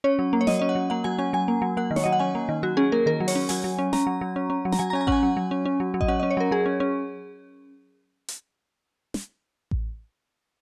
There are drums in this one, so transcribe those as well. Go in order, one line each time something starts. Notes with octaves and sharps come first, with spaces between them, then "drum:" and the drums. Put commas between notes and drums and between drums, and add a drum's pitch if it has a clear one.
C#4 C#5
F#3
A#3
C#5
F#3 D#5, drum: snare
C#4 D#5
F#5
F#3
A#3 F#5
F#3 G#5
C#4 G#5
F#3 G#5
A#3
F#3
A#3 F#5
D#3
C#5, drum: snare
F#3 D#5
F#5
C#4 G#5
A#3
D#3
F#3 F#4
C#4 G#4
A#3 A#4
D#3 A#4
F#3
C#5, drum: open hi-hat
C#4
F#3 G#5, drum: open hi-hat
F#3
C#4
C#4 A#5, drum: snare
F#3
F#3
C#4
C#4
F#3
A#5, drum: snare
F#3 G#5
A#5
C#4 G#5
A#5
C#4 F#5 G#5, drum: kick A1
F#3
F#3
C#4
C#4
F#3
F#3
D#5, drum: kick A1
C#4 F#5
C#4 D#5
C#5
F#3 A#4
F#3 G#4
C#4
C#4
drum: hi-hat
drum: snare
drum: kick A1